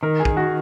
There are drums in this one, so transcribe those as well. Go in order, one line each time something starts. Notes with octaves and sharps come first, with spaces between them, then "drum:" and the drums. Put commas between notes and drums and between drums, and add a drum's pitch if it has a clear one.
D#3 A#4
G#4
D#3, drum: kick
F#4